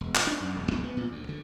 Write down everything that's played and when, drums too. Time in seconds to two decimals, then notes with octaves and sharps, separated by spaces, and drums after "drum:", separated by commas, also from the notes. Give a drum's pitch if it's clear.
0.01 E1
0.15 A2, drum: clap
0.27 D4
0.40 F#2
0.56 E1
0.71 C#2
0.84 B3
0.97 A#2
1.12 D2
1.29 D3